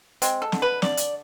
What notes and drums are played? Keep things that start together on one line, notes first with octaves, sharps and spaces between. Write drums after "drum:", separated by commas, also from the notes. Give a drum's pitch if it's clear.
G#3 C4, drum: hi-hat
A4
D3, drum: snare
B4
D3 D5, drum: snare
drum: hi-hat